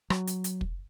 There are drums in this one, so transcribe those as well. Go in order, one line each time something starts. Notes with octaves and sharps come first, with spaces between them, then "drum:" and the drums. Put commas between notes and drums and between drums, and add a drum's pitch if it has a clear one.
F#3, drum: rim click
drum: hi-hat
drum: hi-hat
drum: kick